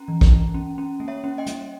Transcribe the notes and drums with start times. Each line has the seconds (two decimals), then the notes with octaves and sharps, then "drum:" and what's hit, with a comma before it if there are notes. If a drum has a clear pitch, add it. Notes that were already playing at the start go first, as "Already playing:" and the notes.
Already playing: C#4 G5 A#5
0.08 E3
0.21 drum: kick A#1
0.31 E3
0.54 C#4
0.78 C#4
1.00 A#3
1.08 C#5 E5
1.24 C#4
1.38 D#5 G5
1.46 G3, drum: hi-hat